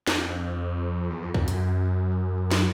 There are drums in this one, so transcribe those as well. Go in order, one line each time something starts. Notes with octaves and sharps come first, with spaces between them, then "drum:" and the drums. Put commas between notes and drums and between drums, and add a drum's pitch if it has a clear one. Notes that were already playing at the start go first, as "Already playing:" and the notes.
F2, drum: snare
E2
F2
F2, drum: kick
F#2, drum: hi-hat
drum: snare